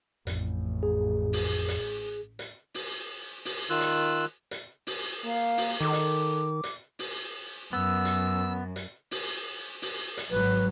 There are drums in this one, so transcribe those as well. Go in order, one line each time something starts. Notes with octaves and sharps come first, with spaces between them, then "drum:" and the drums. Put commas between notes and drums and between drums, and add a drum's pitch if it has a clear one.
A1 F2, drum: hi-hat
G#4
drum: open hi-hat
drum: hi-hat
drum: hi-hat
drum: open hi-hat
drum: open hi-hat
D#3 F4 E6 F#6
drum: hi-hat
drum: hi-hat
drum: open hi-hat
A#3 F5
drum: open hi-hat
D#3 A4 D6
drum: hi-hat
drum: hi-hat
drum: open hi-hat
F#2 B3 E6
drum: hi-hat
drum: hi-hat
drum: open hi-hat
drum: open hi-hat
drum: hi-hat
G#1 F#3 B4